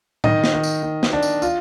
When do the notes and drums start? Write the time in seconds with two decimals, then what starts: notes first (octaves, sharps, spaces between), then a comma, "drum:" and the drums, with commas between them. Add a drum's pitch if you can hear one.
0.24 D#3 D#5, drum: tom A2
0.44 drum: snare
0.54 D#3
0.63 drum: tambourine
0.83 D#3
1.03 drum: snare
1.13 D4
1.23 drum: tambourine
1.42 F4, drum: tambourine